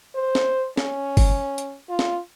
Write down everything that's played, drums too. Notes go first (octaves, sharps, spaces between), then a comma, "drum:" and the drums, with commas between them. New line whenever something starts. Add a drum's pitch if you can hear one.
C5
drum: snare
C#4, drum: snare
drum: kick G1, open hi-hat
drum: hi-hat
F4
drum: snare